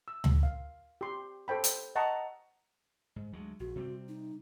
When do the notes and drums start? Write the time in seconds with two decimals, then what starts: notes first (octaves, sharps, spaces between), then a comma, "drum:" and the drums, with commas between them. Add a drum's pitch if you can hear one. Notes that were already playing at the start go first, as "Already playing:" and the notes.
0.08 E6
0.24 drum: tom D2
0.43 F5
1.01 G4 C6
1.48 A4 C5 G5 B5
1.64 drum: hi-hat
1.95 D#5 F#5 A5 A#5 C#6
3.16 G#2
3.33 D2 F#3 G#3
3.60 A#1 F#4
3.76 C3 G3 C4
4.08 D#4